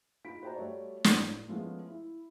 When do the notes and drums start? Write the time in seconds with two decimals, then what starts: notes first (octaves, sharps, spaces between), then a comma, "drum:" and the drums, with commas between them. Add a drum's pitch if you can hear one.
0.25 D#4 F4 B5 B6 D7
0.42 F#4 C5 D#5 G5 A5 A#5
0.56 G3 A3 F#4 C#5 D5
1.04 A2, drum: snare
1.48 F3 G#3 A3 B3 C#4 F4
1.88 E4